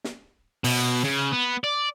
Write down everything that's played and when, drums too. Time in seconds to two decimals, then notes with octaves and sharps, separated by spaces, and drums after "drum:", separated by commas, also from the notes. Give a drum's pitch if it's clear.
0.04 drum: snare
0.64 B2, drum: open hi-hat
1.04 C#3
1.32 B3
1.64 D5